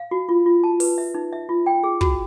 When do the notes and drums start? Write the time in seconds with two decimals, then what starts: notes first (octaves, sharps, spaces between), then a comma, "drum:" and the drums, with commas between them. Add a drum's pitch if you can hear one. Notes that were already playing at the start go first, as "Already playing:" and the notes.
Already playing: F5
0.11 F#4
0.29 F4
0.46 F4
0.64 A5
0.80 B4, drum: open hi-hat
0.98 E5
1.15 D#4
1.33 E5
1.49 F4
1.66 G5
1.84 G#4
2.01 F#4, drum: kick